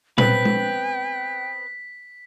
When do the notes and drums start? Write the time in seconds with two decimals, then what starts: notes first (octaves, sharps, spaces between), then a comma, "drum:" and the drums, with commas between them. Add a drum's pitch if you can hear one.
0.18 B3 C4 B4 G5 B6, drum: tom A#2
0.45 drum: tom G#3